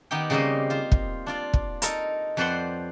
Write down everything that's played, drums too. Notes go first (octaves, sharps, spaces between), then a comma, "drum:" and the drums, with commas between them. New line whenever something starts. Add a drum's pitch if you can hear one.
D#3 B3 D#4 G4 G5
C#3 G3 A#3 C4 C5 D#5
F4 C5
drum: kick
D4 F4 D5
drum: kick
D#4 A4 A#4, drum: hi-hat
F2 B4 C5 D5 F#5 C6